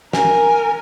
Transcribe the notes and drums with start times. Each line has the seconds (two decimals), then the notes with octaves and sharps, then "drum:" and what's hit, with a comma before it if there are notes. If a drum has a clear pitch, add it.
0.13 A#4 G#5, drum: snare